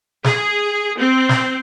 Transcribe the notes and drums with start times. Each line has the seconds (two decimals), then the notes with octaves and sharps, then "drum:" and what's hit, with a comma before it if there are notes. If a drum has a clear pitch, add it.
0.24 G#4, drum: snare
0.98 C4
1.29 drum: snare